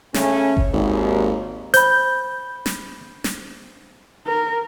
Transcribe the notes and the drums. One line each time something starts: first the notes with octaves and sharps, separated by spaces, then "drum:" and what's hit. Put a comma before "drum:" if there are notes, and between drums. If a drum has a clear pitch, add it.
C#3 A3 C#4, drum: snare
drum: kick G1
G#1 D#2
C5 B5 G6, drum: hi-hat
drum: snare
drum: snare
A#4